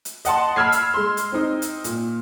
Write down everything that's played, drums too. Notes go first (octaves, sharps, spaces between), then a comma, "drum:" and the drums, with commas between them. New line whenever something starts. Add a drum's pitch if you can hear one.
drum: hi-hat
D#5 F#5 A5 C6, drum: hi-hat
B5 E6 F6 G#6 C7
drum: hi-hat
G#3 C6
drum: hi-hat
C4 D#4
drum: hi-hat
A#2, drum: hi-hat